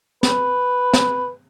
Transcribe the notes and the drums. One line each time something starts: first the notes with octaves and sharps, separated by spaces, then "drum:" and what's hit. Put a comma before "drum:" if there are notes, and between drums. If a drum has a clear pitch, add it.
B4, drum: snare
drum: snare